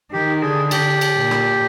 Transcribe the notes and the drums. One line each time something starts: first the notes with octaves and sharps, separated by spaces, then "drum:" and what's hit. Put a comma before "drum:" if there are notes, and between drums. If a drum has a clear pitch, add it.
D#3 G4
D3 G#4
G4, drum: cymbal
drum: cymbal
A#2
drum: rim click